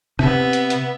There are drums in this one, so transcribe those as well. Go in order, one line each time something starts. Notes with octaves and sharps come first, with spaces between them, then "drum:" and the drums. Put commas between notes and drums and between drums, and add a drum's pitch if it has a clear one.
C3 B3 E5, drum: rim click
drum: hi-hat
drum: hi-hat